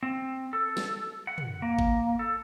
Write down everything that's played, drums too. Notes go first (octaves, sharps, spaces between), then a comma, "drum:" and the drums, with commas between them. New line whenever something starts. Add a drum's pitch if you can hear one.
C4
A4
drum: snare
F#5
drum: tom
A#3
drum: kick G#1
A4